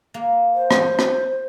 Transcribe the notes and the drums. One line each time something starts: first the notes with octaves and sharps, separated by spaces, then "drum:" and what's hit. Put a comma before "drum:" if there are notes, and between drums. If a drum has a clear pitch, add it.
A#3
C5
drum: rim click
drum: rim click